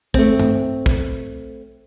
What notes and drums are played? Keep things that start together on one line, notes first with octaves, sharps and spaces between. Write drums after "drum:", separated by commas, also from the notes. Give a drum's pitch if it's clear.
A3 C4, drum: kick
drum: tom G2
drum: kick